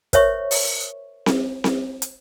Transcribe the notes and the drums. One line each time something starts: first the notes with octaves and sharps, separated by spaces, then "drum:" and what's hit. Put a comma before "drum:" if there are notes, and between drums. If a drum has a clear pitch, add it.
A#4 C5 C#5 E5 C#6, drum: kick, hi-hat
drum: open hi-hat
drum: snare C4
drum: snare C4
drum: hi-hat